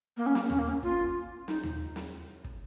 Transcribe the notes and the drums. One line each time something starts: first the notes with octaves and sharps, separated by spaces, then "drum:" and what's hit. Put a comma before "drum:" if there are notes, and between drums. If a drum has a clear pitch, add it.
A#3
C#4
A#3, drum: snare
C#4, drum: tom D#2
A#3
C#4
F4, drum: kick
D#4, drum: snare
drum: tom D#2
drum: snare
drum: kick